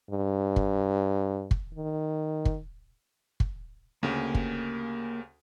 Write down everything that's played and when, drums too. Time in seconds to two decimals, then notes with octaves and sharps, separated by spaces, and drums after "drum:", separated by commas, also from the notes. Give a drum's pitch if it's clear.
0.11 G2
0.56 drum: kick
1.51 drum: kick
1.74 D#3
2.45 drum: kick
3.40 drum: kick
4.03 D2 C#3 A#3 G4 G#5
4.35 drum: kick